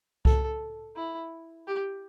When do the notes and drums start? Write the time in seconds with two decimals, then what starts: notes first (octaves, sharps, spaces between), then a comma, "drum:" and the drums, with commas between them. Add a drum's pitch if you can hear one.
0.25 A4, drum: kick C2
0.96 E4
1.67 G4